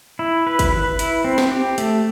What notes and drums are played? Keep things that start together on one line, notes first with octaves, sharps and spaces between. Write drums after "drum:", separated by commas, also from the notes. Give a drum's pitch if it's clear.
E4
B4
drum: kick, hi-hat
B4
E4, drum: hi-hat
C4
drum: snare
G4
A3, drum: hi-hat